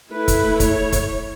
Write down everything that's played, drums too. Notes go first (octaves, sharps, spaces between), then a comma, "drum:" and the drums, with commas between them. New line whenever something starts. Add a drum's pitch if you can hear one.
A3 E4 B4
drum: kick, hi-hat
C#5, drum: kick, hi-hat
drum: kick, hi-hat